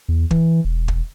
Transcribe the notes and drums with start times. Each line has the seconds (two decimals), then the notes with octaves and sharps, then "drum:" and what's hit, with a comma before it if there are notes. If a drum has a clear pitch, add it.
0.09 E2
0.31 E3, drum: kick
0.65 E1
0.88 drum: kick